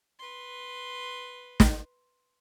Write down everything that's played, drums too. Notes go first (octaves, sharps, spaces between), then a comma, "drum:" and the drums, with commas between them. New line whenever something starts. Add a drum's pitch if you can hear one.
B4 C6
drum: snare